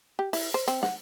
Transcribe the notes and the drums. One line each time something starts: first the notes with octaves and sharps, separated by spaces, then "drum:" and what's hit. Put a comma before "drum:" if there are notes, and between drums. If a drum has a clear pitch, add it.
G4
E4, drum: open hi-hat
C5
C4, drum: hi-hat
F#5, drum: snare